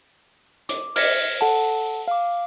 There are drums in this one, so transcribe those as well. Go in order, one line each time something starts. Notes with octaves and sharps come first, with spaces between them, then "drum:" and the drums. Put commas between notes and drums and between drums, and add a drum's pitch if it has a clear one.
D6, drum: hi-hat
F6 G#6 A#6 B6 C#7, drum: open hi-hat
A4 F#5 A5
F5 D6